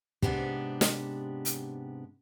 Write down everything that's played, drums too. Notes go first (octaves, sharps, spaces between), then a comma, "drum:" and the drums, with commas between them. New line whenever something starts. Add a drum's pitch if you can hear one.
G#2 C3 B3 D4 G4, drum: kick
drum: snare
drum: hi-hat